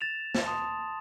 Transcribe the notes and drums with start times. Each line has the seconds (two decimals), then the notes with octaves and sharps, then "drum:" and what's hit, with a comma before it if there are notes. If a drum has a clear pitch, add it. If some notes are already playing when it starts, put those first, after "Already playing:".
0.01 A6 E7 F7
0.35 drum: snare
0.46 A5 C6 D#6